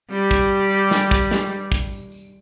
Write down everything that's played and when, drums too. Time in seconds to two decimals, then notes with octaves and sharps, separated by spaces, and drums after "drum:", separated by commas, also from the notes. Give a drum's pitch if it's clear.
0.11 G3 G4, drum: tambourine
0.31 drum: kick
0.51 drum: tambourine
0.71 drum: tambourine
0.91 drum: snare
1.11 drum: kick, tambourine
1.31 drum: snare
1.52 drum: tambourine
1.72 drum: kick, tambourine
1.92 drum: tambourine
2.12 drum: tambourine